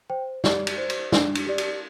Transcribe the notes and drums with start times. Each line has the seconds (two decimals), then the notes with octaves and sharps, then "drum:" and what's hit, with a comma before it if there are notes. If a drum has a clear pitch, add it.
0.10 C5 G5
0.44 G4 D5, drum: snare
0.67 drum: cymbal
0.78 C5
0.90 drum: cymbal
1.12 D4, drum: snare
1.35 drum: cymbal
1.46 G4 D5
1.58 drum: cymbal